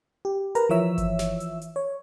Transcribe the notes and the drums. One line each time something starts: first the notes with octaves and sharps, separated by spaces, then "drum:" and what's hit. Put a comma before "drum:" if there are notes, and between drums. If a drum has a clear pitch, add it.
G4
A#4 B4 A#5, drum: hi-hat
E3 F3 C#5 E5 E6
drum: kick G1, hi-hat
drum: snare
drum: hi-hat
drum: hi-hat
C#5